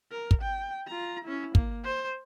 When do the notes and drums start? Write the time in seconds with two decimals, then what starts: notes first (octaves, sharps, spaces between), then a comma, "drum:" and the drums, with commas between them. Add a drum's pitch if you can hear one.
0.11 A#4
0.31 drum: kick
0.42 G5
0.87 F4 A#5
1.24 C#4 E4
1.55 A#3, drum: kick
1.84 C5